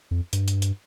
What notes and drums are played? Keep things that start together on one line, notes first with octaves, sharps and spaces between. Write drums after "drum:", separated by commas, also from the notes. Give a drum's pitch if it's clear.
F2
G2, drum: hi-hat
drum: hi-hat
drum: hi-hat